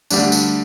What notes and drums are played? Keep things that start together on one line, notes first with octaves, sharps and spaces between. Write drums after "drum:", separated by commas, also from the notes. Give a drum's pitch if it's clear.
D2 D3 G3 D4, drum: tambourine
drum: tambourine